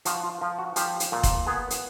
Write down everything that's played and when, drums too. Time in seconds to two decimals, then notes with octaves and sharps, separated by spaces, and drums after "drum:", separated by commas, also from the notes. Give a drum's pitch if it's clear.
0.05 F3 F#4, drum: hi-hat
0.23 F4
0.41 F3
0.59 F#4
0.76 F3 G4, drum: hi-hat
1.00 drum: hi-hat
1.12 A#2
1.23 drum: kick F1, hi-hat
1.47 B3 G#4
1.70 drum: hi-hat